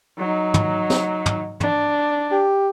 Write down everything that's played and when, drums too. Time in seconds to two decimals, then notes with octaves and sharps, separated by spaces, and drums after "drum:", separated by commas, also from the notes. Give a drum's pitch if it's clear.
0.18 F#3 D#4
0.54 drum: tom
0.90 drum: snare
1.26 drum: tom
1.60 D4, drum: tom
2.32 G4